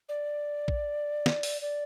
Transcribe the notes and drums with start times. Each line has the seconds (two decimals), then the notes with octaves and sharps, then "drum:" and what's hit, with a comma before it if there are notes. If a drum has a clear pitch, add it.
0.09 D5
0.68 drum: kick
1.26 drum: snare
1.43 drum: open hi-hat
1.61 D5